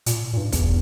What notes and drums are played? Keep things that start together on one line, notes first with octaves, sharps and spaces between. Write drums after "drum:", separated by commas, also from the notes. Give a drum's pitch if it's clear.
A#2, drum: hi-hat
A#2
G2
E2, drum: kick, hi-hat